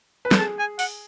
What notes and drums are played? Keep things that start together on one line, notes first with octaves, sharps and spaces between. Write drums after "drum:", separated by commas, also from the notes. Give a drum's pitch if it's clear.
B4
A4, drum: snare
G#4 A5
G#5
F#5, drum: open hi-hat